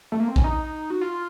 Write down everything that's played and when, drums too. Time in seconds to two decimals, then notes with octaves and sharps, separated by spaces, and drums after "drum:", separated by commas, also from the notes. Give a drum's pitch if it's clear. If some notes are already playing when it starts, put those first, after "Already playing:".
0.12 A3
0.20 A#3
0.28 C4
0.36 C#4, drum: kick
0.44 D#4
0.90 F#4
1.01 F4